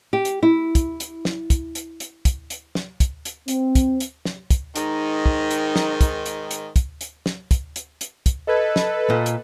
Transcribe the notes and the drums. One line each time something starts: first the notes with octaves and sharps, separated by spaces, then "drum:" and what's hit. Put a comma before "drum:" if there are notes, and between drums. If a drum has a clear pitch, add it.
G4
drum: hi-hat
E4
drum: kick, hi-hat
drum: hi-hat
drum: snare
drum: kick, hi-hat
drum: hi-hat
drum: hi-hat
drum: kick, hi-hat
drum: hi-hat
drum: snare
drum: kick, hi-hat
drum: hi-hat
C4, drum: hi-hat
drum: kick, hi-hat
drum: hi-hat
drum: snare
drum: kick, hi-hat
G#2 D#3 D#4, drum: hi-hat
drum: kick
drum: hi-hat
drum: snare
drum: kick, hi-hat
drum: hi-hat
drum: hi-hat
drum: kick, hi-hat
drum: hi-hat
drum: snare
drum: kick, hi-hat
drum: hi-hat
drum: hi-hat
drum: kick, hi-hat
A4 B4 D#5 G#6
drum: snare
A#2
drum: hi-hat